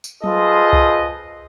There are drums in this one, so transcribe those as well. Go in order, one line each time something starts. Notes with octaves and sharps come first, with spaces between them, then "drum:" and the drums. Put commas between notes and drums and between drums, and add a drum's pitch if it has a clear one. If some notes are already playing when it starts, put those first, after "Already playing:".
drum: tambourine
F4 G#4 A4 B4 C5 D#5, drum: tom F#3
drum: kick C2